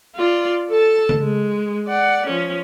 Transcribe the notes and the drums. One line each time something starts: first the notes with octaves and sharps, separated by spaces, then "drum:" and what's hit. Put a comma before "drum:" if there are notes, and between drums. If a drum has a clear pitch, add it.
F4 D5
A4 A5
drum: tom C#3
G#3
D5 F#5
F3 C#4